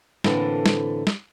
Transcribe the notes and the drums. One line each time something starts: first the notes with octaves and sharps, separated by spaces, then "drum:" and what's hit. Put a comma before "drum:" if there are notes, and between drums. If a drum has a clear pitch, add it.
A2 D3 E3 A#3 C4 E4, drum: snare
drum: snare
drum: snare